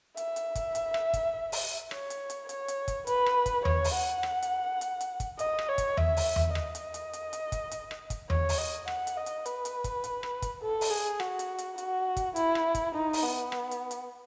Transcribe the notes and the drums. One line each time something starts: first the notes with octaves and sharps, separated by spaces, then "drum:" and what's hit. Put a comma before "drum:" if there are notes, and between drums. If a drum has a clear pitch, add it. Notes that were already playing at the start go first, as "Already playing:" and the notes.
E5, drum: hi-hat
drum: hi-hat
drum: kick, hi-hat
drum: hi-hat
drum: rim click
drum: kick, hi-hat
drum: open hi-hat
C#5, drum: rim click
drum: hi-hat
drum: hi-hat
C#5, drum: hi-hat
drum: hi-hat
drum: kick, hi-hat
B4, drum: hi-hat
drum: rim click
drum: kick, hi-hat
C#5, drum: tom E2
drum: open hi-hat
F#5
drum: rim click
drum: hi-hat
drum: hi-hat
drum: hi-hat
drum: kick, hi-hat
D#5, drum: hi-hat
drum: rim click
C#5
drum: kick, hi-hat
E5, drum: tom E2
drum: open hi-hat
drum: tom E2
D#5, drum: rim click
drum: hi-hat
drum: hi-hat
drum: hi-hat
drum: hi-hat
drum: kick, hi-hat
drum: hi-hat
drum: rim click
drum: kick, hi-hat
C#5, drum: tom E2
drum: open hi-hat
D#5
F#5, drum: rim click
drum: hi-hat
D#5
drum: hi-hat
B4, drum: hi-hat
drum: hi-hat
drum: kick, hi-hat
drum: hi-hat
drum: rim click
drum: kick, hi-hat
A4
drum: open hi-hat
G#4
F#4, drum: rim click
drum: hi-hat
drum: hi-hat
F#4, drum: hi-hat
drum: kick, hi-hat
E4, drum: hi-hat
drum: rim click
drum: kick, hi-hat
D#4
drum: open hi-hat
B3
drum: rim click
drum: hi-hat
drum: hi-hat